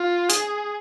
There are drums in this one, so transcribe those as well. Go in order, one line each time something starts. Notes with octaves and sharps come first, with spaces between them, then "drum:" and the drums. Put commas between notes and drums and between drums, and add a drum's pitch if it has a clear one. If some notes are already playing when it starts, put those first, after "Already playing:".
Already playing: F4
G#4, drum: hi-hat